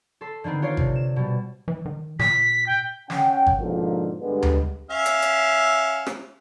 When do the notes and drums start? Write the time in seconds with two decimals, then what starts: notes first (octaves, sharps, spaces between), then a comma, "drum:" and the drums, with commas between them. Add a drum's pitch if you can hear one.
0.21 A4 C6 B6
0.44 D3 D#3 B3 C4
0.62 F4 C#5 D5 C6
0.77 C3, drum: kick G#1
0.95 E7
1.16 B2 G3
1.68 E3
1.85 D#3
2.19 A#2 B6, drum: snare
2.67 G5
3.10 C#4 F#5 G5, drum: snare
3.46 drum: kick G#1
3.58 G#2 B2 D3 F3 A#3
4.20 G2 D3 G3 G#3 B3
4.42 drum: tom D2
4.90 C#4 E5 F5
5.06 drum: hi-hat
5.22 drum: hi-hat
6.07 drum: rim click